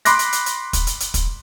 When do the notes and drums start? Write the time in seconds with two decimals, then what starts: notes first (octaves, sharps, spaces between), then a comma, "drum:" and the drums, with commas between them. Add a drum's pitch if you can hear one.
0.05 B5 C6 D6 F#6 A#6, drum: hi-hat
0.19 drum: hi-hat
0.33 drum: hi-hat
0.46 drum: hi-hat
0.73 drum: kick, hi-hat
0.87 drum: hi-hat
1.00 drum: hi-hat
1.14 drum: kick, hi-hat